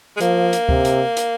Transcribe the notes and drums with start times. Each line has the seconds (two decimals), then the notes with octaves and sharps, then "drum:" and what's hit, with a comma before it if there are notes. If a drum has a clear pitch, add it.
0.17 G#3
0.20 F3 A#3, drum: hi-hat
0.53 drum: hi-hat
0.69 C3, drum: kick D2
0.85 drum: hi-hat
1.17 drum: hi-hat